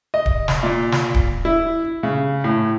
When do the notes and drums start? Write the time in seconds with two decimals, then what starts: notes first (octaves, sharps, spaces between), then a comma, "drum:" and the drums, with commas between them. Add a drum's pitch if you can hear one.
0.14 D#5
0.26 drum: kick D1
0.48 drum: snare
0.63 A#2
0.92 drum: snare
1.14 drum: kick D1
1.45 E4
2.03 C#3
2.44 A2